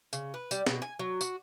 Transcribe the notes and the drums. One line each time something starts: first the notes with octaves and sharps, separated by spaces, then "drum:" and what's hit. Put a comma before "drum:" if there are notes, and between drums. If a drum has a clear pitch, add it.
C#3, drum: tambourine
B4
G3, drum: tambourine
B2, drum: snare
G#5
F#3
F#4, drum: tambourine